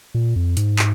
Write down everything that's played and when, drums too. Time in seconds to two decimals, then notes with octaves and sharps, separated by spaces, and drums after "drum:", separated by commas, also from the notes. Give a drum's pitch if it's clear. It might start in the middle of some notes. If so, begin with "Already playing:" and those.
0.15 A#2
0.36 F2
0.57 G#2, drum: hi-hat
0.79 drum: clap